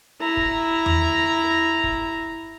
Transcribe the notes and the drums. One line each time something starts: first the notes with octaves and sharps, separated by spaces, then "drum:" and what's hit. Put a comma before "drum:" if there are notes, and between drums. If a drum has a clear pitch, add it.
E4 A#5
drum: kick
drum: tom E2
drum: kick